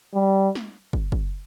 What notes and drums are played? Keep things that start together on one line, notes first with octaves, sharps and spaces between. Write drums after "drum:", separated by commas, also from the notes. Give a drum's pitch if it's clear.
G3
drum: snare
drum: kick
drum: kick